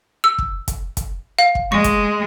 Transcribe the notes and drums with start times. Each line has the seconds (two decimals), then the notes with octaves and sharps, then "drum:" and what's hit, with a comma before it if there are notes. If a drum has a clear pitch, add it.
0.24 E6
0.38 drum: kick
0.68 drum: kick, hi-hat
0.97 drum: kick, hi-hat
1.39 F5
1.55 drum: kick
1.72 G#3 C#6
1.84 drum: kick, hi-hat